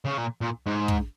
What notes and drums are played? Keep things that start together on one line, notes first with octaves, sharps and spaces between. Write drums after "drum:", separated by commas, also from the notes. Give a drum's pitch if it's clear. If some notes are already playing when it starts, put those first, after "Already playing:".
C#3
A#2
A#2
G#2
drum: kick